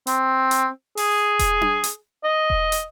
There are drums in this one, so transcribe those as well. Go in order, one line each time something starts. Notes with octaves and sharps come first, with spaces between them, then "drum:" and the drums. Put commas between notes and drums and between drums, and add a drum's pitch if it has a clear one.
C4, drum: hi-hat
drum: hi-hat
G#4, drum: open hi-hat
drum: kick E1, hi-hat
drum: tom D4
drum: hi-hat
D#5
drum: kick E1
drum: hi-hat